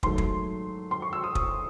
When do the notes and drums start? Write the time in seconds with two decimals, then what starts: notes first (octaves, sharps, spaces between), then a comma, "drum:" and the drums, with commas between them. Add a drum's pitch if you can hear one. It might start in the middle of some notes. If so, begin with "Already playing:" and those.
0.03 G#2 D#3 F#3 A3 C6, drum: kick
0.18 drum: kick
0.91 C6
1.02 C#6
1.13 E6
1.24 D#6
1.35 D#6, drum: kick